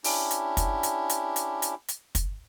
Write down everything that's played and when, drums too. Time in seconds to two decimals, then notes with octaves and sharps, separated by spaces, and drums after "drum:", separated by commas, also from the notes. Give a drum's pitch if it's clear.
0.04 C#4 D4 E4 G4, drum: open hi-hat
0.31 drum: hi-hat
0.57 drum: kick, hi-hat
0.83 drum: hi-hat
1.09 drum: hi-hat
1.36 drum: hi-hat
1.62 drum: hi-hat
1.88 drum: hi-hat
2.15 drum: kick, hi-hat